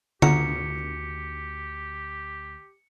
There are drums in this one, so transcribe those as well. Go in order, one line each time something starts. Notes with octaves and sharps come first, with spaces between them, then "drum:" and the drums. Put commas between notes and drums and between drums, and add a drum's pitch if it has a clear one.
D2 F#4 G4 A#5 C#7, drum: tom D3